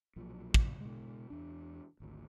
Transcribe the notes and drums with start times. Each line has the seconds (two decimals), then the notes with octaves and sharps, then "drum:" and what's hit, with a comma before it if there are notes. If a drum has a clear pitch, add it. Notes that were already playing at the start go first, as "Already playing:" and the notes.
0.16 B1 A#2 F3 F#3
0.54 drum: kick
0.81 B2 G#3
1.30 E2 D4
2.00 G#1 D2